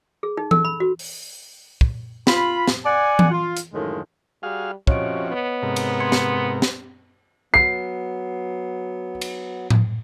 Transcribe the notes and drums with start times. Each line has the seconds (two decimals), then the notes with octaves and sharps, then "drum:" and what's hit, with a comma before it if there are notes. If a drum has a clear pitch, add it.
0.23 G#4
0.37 D#4
0.51 A4, drum: tom E3
0.65 B5
0.80 F#4
0.99 drum: open hi-hat
1.81 drum: kick
2.27 F4 B5, drum: snare
2.68 drum: snare
2.86 D5 F#5 G#5
3.19 drum: tom E3
3.30 F4
3.57 drum: hi-hat
3.73 F#2 A2 D3 D#3 F3 G#3
4.43 G3 F#4 G#4 F5
4.87 C3 F3 C#4 F#4 C#5 D#5 D7, drum: kick
5.31 B3
5.63 G#2 C3 A#4
5.76 drum: cymbal
6.00 C6 G#6 C#7
6.12 drum: snare
6.62 drum: snare
7.54 F#3 B3 C7
9.21 drum: cymbal
9.70 drum: tom A2